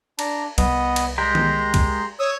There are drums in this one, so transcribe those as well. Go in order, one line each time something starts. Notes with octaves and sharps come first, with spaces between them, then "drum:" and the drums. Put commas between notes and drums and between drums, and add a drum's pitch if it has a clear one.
D4 A#5, drum: cymbal
C2 B3 D#5, drum: cymbal
drum: cymbal
G#3 G4 A#4 A#5 C6
drum: tom D#3
drum: kick B1, cymbal
C#5 D#6 E6